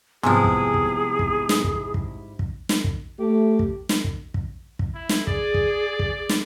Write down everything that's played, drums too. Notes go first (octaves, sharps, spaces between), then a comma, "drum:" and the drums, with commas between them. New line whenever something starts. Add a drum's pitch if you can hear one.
G#2 C3 F3 G3 B3 E4 G#4 G#5
drum: kick
drum: kick
drum: kick
drum: snare
drum: kick
drum: kick
drum: kick
drum: snare
drum: kick
A3 G4
drum: kick
drum: snare
drum: kick
drum: kick
drum: kick
E4
drum: snare
G#4 D5, drum: kick
drum: kick
drum: kick
drum: snare